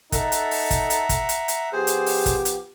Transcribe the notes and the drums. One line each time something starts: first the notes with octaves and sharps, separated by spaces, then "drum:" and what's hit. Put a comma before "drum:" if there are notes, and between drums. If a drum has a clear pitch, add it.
D#4 A4 E5 F#5 A#5, drum: kick, hi-hat
drum: hi-hat
drum: open hi-hat
drum: kick, hi-hat
drum: hi-hat
drum: kick, hi-hat
drum: hi-hat
drum: hi-hat
F3 B3 G4 G#4 C5
drum: hi-hat
drum: open hi-hat
drum: kick, hi-hat
drum: hi-hat